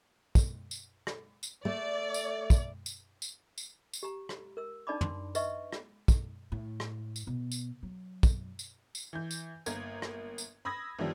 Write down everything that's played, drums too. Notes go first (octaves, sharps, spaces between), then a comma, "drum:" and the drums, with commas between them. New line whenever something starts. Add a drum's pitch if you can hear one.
drum: kick, tambourine
drum: tambourine
drum: rim click
drum: tambourine
A3 D5
drum: tambourine
drum: kick, tambourine
drum: tambourine
drum: tambourine
drum: tambourine
drum: tambourine
G4 A#5
drum: rim click
A#4 E6
D4 D#4 D5 A5 B5 D6
C6, drum: tom
B4 D#5 E5 C#6, drum: tambourine
drum: rim click
drum: kick, tambourine
A2
drum: rim click
drum: tambourine
B2
drum: tambourine
F#3
drum: kick, tambourine
drum: tambourine
drum: tambourine
E3 G6
drum: tambourine
G1 A#3 A#4 G#6, drum: tambourine
drum: rim click
drum: tambourine
B5 D#6 E6 G#6 A#6
G1 D#3 F3 G3